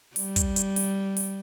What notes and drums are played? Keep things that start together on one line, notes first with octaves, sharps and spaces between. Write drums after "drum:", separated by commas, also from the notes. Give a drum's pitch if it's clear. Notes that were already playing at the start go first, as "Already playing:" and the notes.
G3, drum: open hi-hat
drum: kick, hi-hat
drum: hi-hat
drum: open hi-hat
drum: open hi-hat